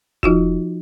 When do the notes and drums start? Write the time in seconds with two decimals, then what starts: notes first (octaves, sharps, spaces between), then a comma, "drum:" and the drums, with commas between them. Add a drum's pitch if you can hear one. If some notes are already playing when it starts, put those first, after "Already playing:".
0.23 F3 D#4 F4 F#4, drum: kick E1